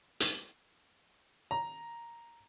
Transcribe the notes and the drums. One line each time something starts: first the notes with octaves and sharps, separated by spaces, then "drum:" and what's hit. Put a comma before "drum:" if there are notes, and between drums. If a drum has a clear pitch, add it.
drum: hi-hat
A#5